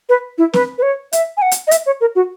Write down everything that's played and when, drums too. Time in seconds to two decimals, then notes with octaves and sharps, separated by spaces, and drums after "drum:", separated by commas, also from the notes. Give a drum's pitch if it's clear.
0.09 B4
0.38 E4
0.53 B4, drum: snare C4
0.78 B4
0.82 C#5
1.13 E5, drum: hi-hat
1.37 G#5
1.42 F#5
1.52 drum: hi-hat
1.67 D#5
1.71 E5, drum: hi-hat
1.86 C#5
2.01 A#4
2.16 F#4